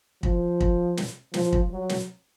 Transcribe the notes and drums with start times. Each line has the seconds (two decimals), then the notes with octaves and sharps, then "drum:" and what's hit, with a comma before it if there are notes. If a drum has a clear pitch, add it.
0.23 F3, drum: kick
0.61 drum: kick
0.97 drum: snare
1.34 F3, drum: snare
1.53 drum: kick
1.71 F#3
1.89 drum: snare